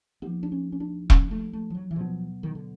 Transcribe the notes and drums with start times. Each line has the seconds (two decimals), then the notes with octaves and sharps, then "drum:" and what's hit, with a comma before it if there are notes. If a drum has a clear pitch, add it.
0.22 F3 A#3 B3 D#4 G4
0.43 D4
0.52 C#4
0.72 C#4
0.80 D4
1.10 C#4, drum: kick E1
1.31 A3
1.53 A3
1.70 F3
1.75 F#3
1.91 E3
1.96 B2 F3 F#3 B3
2.43 D#3
2.55 D3